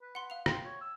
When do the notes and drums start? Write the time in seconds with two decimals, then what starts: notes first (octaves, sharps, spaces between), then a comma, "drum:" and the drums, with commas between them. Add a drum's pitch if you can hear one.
0.02 B4
0.15 F#5 C6
0.30 F5 F7
0.46 G5 C6, drum: rim click
0.65 C#5
0.81 E6